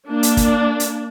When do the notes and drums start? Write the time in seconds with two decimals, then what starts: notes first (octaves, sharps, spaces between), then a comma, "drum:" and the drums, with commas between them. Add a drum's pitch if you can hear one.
0.08 A#3 D4
0.23 drum: hi-hat
0.37 drum: kick G1, hi-hat
0.80 drum: hi-hat